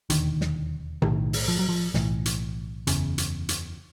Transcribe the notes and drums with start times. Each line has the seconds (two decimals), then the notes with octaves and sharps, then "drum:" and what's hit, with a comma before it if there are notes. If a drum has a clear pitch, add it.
0.10 E1 D#2 D3 D#3, drum: hi-hat
0.41 drum: snare
1.02 B1 A2 D#3, drum: tom C3
1.33 drum: open hi-hat
1.48 F3
1.59 F#3
1.69 F3
1.94 B1 A2 E3, drum: snare
2.26 drum: hi-hat
2.87 F#1 E2 C#3, drum: hi-hat
3.18 drum: hi-hat
3.49 drum: hi-hat